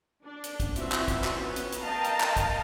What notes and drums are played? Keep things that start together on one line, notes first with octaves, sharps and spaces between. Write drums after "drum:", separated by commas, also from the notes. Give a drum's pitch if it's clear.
D4
drum: hi-hat
drum: kick, hi-hat
E3 C4 F4 F#4 E5, drum: hi-hat
drum: clap
drum: kick, hi-hat
drum: clap
B3 C#4
drum: hi-hat
drum: hi-hat
A#4 D#5 F5 G5 A5 A#5
drum: hi-hat
drum: clap
drum: kick, hi-hat